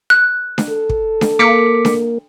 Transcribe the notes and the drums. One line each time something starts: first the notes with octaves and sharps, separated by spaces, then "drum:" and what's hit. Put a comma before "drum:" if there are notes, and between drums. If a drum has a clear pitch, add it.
F#6
drum: snare D4
A4
drum: kick
drum: snare D4
A#3 D6 B6 C#7
drum: snare D4